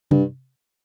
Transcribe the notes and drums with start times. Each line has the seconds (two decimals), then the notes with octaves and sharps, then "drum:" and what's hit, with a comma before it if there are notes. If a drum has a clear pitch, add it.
0.11 G2, drum: tom C3